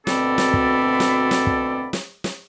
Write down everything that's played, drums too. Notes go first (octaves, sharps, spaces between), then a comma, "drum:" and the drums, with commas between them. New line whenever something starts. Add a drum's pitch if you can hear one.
D2 B2 C4 A4 D5 B5, drum: snare
drum: snare
drum: kick
drum: snare
drum: snare
drum: kick
drum: snare
drum: snare